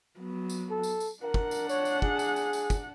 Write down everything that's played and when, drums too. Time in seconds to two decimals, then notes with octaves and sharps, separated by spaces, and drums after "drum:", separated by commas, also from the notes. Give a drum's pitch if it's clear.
0.19 F#3 B3
0.49 drum: tambourine
0.70 A4
0.83 drum: tambourine
1.00 drum: tambourine
1.23 D4 A#4 F#5
1.34 drum: kick
1.51 drum: tambourine
1.69 C#5, drum: tambourine
1.85 drum: tambourine
2.02 G#4, drum: kick
2.19 drum: tambourine
2.36 drum: tambourine
2.53 drum: tambourine
2.70 drum: kick, tambourine